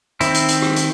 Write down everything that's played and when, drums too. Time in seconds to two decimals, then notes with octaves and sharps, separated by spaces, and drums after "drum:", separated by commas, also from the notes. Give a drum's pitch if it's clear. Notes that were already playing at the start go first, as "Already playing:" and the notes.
0.21 D#3 C4 E4, drum: hi-hat
0.34 drum: hi-hat
0.48 drum: hi-hat
0.62 drum: rim click
0.76 drum: hi-hat